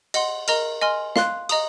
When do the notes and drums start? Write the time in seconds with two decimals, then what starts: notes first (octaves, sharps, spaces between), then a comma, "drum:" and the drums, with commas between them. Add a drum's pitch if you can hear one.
0.14 D#5 F#5 C6, drum: cymbal
0.48 A#4 D#5 A#5 F6, drum: cymbal
0.82 D#5 G#5 C6 F6
1.16 F5 C6 F#6, drum: snare
1.49 D#5 A#5 D#6, drum: cymbal